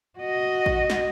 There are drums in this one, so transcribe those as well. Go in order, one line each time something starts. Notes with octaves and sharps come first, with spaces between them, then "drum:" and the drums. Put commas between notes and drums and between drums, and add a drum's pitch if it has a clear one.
F#4 D#5
drum: kick A1
drum: snare